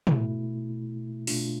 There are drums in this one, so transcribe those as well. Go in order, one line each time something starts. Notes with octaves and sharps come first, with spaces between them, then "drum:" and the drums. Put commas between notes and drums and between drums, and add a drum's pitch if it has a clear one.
B2 A3 E4, drum: tom
B2 A3 D4 F4, drum: open hi-hat